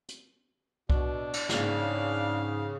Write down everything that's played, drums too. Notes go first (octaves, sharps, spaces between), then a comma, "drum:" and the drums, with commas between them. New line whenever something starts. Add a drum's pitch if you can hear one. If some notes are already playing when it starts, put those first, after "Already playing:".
drum: hi-hat
B2 D4, drum: kick C2
drum: cymbal
G#2 C#3 F5, drum: snare